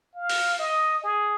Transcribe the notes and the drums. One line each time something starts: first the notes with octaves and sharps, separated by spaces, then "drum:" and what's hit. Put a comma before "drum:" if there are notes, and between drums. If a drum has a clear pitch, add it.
F5
drum: open hi-hat
D#5
G#4